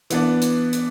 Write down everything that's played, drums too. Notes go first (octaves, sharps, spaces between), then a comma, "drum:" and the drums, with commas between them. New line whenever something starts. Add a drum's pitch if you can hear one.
E3 B3 D4, drum: hi-hat
drum: hi-hat
drum: hi-hat